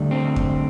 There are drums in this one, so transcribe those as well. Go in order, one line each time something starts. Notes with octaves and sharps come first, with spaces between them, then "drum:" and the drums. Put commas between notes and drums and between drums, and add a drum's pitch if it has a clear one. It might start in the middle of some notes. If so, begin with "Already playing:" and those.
Already playing: D2 D3 G3
C4
drum: kick F2